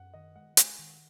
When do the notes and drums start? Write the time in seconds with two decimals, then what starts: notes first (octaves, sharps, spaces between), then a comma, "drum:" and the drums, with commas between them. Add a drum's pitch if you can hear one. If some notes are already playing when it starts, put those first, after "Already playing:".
Already playing: F#2 F#5
0.14 D#3 D#5
0.36 G#3 F#5
0.57 G#3 G#5, drum: hi-hat
0.79 D#3